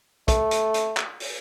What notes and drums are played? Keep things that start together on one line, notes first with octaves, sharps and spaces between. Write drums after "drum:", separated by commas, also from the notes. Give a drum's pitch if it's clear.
A3, drum: kick, hi-hat
drum: hi-hat
drum: hi-hat
drum: clap
drum: open hi-hat